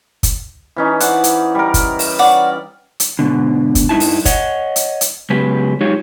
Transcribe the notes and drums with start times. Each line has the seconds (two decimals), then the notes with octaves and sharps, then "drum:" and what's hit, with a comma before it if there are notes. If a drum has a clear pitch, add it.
0.23 drum: kick, hi-hat
0.76 E3 C#4 D#4
1.00 C5 D5 F#5, drum: hi-hat
1.24 drum: hi-hat
1.55 G3 A#4
1.74 drum: kick, hi-hat
1.99 drum: open hi-hat
2.19 C#5 D5 F#5
3.00 drum: hi-hat
3.19 G#2 B2 D3
3.75 drum: kick, hi-hat
3.89 G2 D#4 E4 A5
4.00 drum: open hi-hat
4.25 C#5 D#5 F#5, drum: kick, hi-hat
4.76 drum: hi-hat
5.01 drum: hi-hat
5.30 C#3 F#3 G#3 B3 G4 B4
5.81 F#3 G#3 D#4 F4 G4 C#5